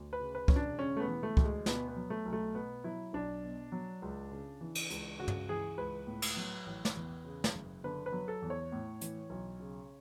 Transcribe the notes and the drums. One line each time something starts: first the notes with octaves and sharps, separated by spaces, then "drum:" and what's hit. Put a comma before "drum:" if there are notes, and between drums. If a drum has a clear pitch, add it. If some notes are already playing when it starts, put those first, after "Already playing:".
Already playing: D2
B4
C#3
B4
E1 C#4, drum: kick
D4
C#3 C#4
A3
B3
E3
A3
D2, drum: kick
G#3
B2 B3, drum: snare
B3
F#3
A3
B1
A3
B2 B3
F#3 E4
B1 D4
B2
F#3
C#2
C#3
E3
drum: cymbal
C#2, drum: hi-hat
C#3 F#4
drum: tom
E3 G#4
C#2 B4
A2
drum: cymbal
F#3
A1
drum: snare
E2
C#3
drum: snare
F#1
D3 B4
B4
F#3
A4
E2
C#5
A2
E3, drum: hi-hat
B1
C#3